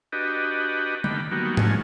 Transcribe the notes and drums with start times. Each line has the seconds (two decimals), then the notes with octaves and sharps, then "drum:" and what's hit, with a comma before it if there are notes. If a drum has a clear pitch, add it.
0.12 D4 F#4 G4 B4 D#5
1.04 D3 D#3 G3 B5, drum: tom G3
1.31 F#3 G3 A#3 B3 D#4 F#4
1.57 D#3 F3 F#3 G#3 A3 C#4, drum: tom G#2